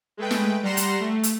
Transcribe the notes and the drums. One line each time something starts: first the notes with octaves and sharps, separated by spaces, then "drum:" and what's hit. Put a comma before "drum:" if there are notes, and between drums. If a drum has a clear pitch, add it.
G#3 A3 B4 G5
drum: snare
G3 F#5 A#5 C6 E7
drum: hi-hat
A3
drum: hi-hat